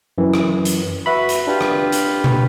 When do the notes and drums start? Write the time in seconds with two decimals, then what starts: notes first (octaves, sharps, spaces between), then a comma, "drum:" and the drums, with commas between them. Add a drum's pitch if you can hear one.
0.18 F#2 E3
0.34 drum: rim click
0.65 drum: hi-hat
1.06 F#4 B4 E5 B5
1.29 drum: hi-hat
1.47 D4 F4 G4 B4
1.61 drum: rim click
1.92 drum: hi-hat
2.24 drum: tom B2